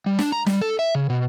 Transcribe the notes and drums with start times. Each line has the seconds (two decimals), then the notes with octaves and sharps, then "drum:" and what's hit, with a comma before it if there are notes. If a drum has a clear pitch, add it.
0.06 G3
0.19 D4, drum: snare
0.32 A#5
0.46 G3, drum: snare
0.61 A4
0.79 E5
0.95 C#3
1.10 B2